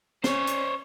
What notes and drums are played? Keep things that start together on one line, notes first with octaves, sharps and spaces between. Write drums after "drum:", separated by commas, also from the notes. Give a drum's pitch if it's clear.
C#4 C5 C#5, drum: snare
drum: hi-hat